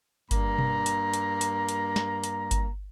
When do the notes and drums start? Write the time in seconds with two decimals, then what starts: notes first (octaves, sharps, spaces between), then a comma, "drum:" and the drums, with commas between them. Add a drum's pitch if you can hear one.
0.31 G2 A#3 A#5, drum: kick G1, hi-hat
0.58 drum: tom B2
0.86 drum: hi-hat
1.14 drum: hi-hat
1.41 drum: hi-hat
1.69 drum: hi-hat
1.96 drum: snare
2.24 drum: hi-hat
2.51 drum: kick G1, hi-hat